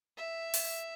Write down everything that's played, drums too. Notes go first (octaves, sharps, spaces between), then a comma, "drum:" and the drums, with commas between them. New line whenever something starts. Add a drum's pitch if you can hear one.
E5
drum: open hi-hat